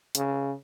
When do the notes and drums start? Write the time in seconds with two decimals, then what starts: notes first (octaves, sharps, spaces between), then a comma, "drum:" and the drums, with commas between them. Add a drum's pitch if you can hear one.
0.15 C#3, drum: hi-hat